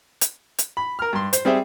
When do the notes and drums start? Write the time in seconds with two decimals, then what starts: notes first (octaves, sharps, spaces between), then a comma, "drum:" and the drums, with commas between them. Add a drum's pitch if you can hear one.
0.21 drum: hi-hat
0.58 drum: hi-hat
0.77 B5
0.99 A#4 F6
1.13 G2 C6
1.33 C5, drum: hi-hat
1.45 G3 C4 G#4 C5 E5